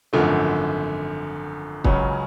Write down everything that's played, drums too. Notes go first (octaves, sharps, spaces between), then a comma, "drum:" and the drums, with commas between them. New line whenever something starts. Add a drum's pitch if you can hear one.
G#1 F#2 D3 F3 A3
C#2 C#3 F#3 C#4, drum: kick